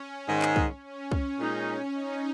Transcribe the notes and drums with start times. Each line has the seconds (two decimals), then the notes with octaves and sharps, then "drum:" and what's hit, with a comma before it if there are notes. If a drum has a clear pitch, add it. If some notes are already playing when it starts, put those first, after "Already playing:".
Already playing: C#4
0.28 G#2 D#3 G#3
0.42 drum: clap
0.56 drum: kick
0.84 C#4
1.12 drum: kick
1.39 A#2 G#3 C#4 D#4
1.94 D#4